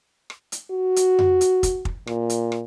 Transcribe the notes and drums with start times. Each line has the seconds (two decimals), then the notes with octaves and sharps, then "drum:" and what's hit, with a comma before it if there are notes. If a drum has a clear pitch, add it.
0.30 drum: rim click
0.52 drum: hi-hat
0.71 F#4
0.96 drum: hi-hat
1.19 drum: tom F2
1.41 drum: hi-hat
1.63 drum: kick, hi-hat
1.85 drum: kick
2.07 A#2, drum: rim click
2.30 drum: hi-hat
2.52 drum: rim click